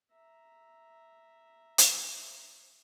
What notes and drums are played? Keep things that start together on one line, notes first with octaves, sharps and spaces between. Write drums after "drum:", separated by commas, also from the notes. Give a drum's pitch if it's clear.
E5 A#5
drum: hi-hat